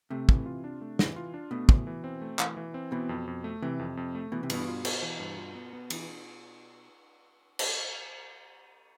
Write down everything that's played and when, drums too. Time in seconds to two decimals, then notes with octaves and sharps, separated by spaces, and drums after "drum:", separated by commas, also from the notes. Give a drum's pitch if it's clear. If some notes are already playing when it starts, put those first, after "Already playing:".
0.10 C3 A3
0.29 E3, drum: kick
0.46 F4
0.64 D4
0.81 A3
0.99 E3, drum: snare
1.16 F4
1.34 D4
1.51 B2 A3
1.69 E3, drum: kick
1.87 E3
2.04 C4
2.22 A3
2.39 E3, drum: clap
2.57 E3
2.74 C4
2.92 B2 E3
3.09 F2
3.27 F2
3.44 A3
3.62 C3 E3
3.79 F2
3.97 F2
4.15 A3
4.32 B2 E3
4.43 C3
4.50 G2 B2, drum: cymbal
4.67 F4
4.85 B3, drum: cymbal
5.02 E3
5.20 G2
5.37 F4
5.55 B3
5.73 B3
5.90 E3, drum: cymbal
7.59 drum: cymbal